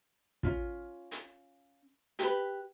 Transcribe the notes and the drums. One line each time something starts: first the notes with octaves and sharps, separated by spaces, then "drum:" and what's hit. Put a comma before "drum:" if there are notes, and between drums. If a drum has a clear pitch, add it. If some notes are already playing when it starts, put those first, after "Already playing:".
C#4 F4, drum: kick
drum: hi-hat
G4 B4, drum: hi-hat